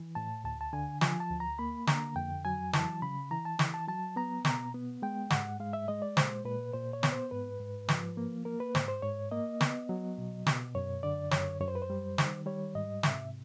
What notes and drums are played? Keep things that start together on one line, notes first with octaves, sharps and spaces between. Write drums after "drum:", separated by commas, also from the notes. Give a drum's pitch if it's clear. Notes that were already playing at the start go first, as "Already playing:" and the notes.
Already playing: E3
A2 A5
D2 A5
A5
D3 G#5
F3 G#5, drum: snare
A5
D2
A#5
A#3 B5
D3 A#5, drum: snare
F2 G5
F#3 G#5
E3 A5, drum: snare
C#3 B5
E3 A#5
A5
E3, drum: snare
A5
F#3 A5
B3 A#5
B2 A#5, drum: snare
B3
G#3 G5
G#2 F#5, drum: snare
G#3 F5
E5
G#3 D#5
D5
A#2 C5, drum: snare
A#2 B4
A#2 C5
C#5
B3, drum: snare
C5
G#2 B4
G#2
F3, drum: snare
A#3
A#3 A#4
B4
G#2 C5, drum: snare
C5
G#2 C#5
A#3 D#5
B3, drum: snare
F#3
B2
B2, drum: snare
F#2 C#5
D3 D5
F#2 C#5, drum: snare
F#2 C#5
C5
B4
C5
G3
D#3, drum: snare
G3 C#5
G#2 D#5
C3 E5, drum: snare